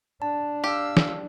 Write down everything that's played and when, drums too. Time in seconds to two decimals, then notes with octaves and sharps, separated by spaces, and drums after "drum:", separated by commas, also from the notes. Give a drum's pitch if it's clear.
0.22 D4 A5
0.64 G4 F5 E6
0.97 drum: snare